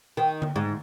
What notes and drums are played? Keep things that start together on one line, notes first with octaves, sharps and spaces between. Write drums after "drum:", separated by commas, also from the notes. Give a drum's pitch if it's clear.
D#3
drum: tom D3
G#2